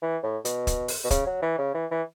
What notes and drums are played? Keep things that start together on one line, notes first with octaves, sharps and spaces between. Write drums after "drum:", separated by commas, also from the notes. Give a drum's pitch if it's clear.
E3
A2
B2, drum: hi-hat
drum: kick, hi-hat
drum: open hi-hat
B2
C#3, drum: kick, hi-hat
F#3
E3
C#3
E3
E3